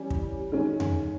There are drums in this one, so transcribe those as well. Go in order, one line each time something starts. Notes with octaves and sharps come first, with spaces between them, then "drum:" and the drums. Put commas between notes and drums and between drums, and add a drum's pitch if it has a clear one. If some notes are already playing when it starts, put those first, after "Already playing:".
Already playing: E3 G3 C#4
drum: kick
D#3 G#3 C#4
drum: tom E2